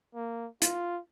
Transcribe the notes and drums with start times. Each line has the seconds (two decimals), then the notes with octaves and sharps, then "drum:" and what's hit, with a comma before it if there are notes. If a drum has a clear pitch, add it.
0.15 A#3
0.62 F4, drum: hi-hat